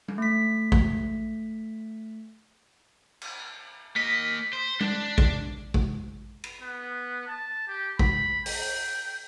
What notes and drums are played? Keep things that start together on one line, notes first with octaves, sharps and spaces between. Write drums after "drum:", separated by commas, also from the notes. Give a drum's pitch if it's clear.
drum: tom G3
A3 B6
drum: kick A1
drum: cymbal
A#3 D#5 B6
C5
D4, drum: tom G3
drum: kick A1
drum: kick A1
drum: cymbal
B3
A5
G4
B5, drum: kick A1
G5, drum: open hi-hat